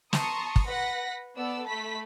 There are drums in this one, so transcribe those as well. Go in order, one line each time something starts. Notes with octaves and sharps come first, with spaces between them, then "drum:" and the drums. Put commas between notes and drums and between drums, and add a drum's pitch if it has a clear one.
A5 A#5 C6 C#6 D#6 C#7, drum: snare
drum: kick
B4 F#5 A#6 B6
B3 A4 D5 E6
A3 A5 B5 B6